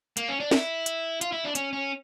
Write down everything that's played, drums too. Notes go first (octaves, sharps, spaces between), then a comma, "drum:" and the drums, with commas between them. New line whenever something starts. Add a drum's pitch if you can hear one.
A#3, drum: hi-hat
C#4
D4
E4, drum: snare
drum: hi-hat
F4, drum: hi-hat
E4
D4
C#4, drum: hi-hat
C#4